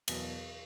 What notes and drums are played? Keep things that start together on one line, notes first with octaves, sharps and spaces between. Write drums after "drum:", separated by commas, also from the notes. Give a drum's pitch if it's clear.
E2 B2 F#3, drum: cymbal